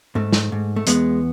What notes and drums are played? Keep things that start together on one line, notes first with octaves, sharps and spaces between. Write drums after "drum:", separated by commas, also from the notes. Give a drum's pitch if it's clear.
G#2 A3
drum: snare
G#2
A3
E2 G#3 B3, drum: hi-hat